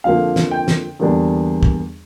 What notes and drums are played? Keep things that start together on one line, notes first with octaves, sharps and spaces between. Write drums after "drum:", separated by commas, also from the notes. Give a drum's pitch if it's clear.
F2 D3 F3 A#3 F5
drum: snare
G5
drum: snare
E2 D3 G3 A#3 D4
drum: kick